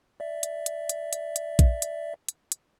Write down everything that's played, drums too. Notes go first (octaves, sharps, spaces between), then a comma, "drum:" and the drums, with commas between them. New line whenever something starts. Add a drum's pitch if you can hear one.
D5 E5
drum: hi-hat
drum: hi-hat
drum: hi-hat
drum: hi-hat
drum: hi-hat
drum: kick A#1, hi-hat
drum: hi-hat
drum: hi-hat
drum: hi-hat